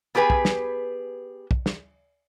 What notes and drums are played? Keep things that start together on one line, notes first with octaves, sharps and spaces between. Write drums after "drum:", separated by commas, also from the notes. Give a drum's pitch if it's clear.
B3 G4 G#4 B4 G#5
drum: kick
drum: snare
drum: kick
drum: snare